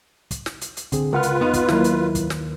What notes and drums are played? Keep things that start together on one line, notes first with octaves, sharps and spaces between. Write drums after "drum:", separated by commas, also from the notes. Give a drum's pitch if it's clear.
drum: kick, hi-hat
drum: snare
drum: hi-hat
drum: hi-hat
D3 C4 G#4, drum: kick, hi-hat
C#2 F4 A#4 B4 F#5 F6
drum: hi-hat
F2 B3 D#4
drum: kick, hi-hat
D#2 F#3 A#3 E4, drum: snare
drum: hi-hat
drum: kick, hi-hat
drum: snare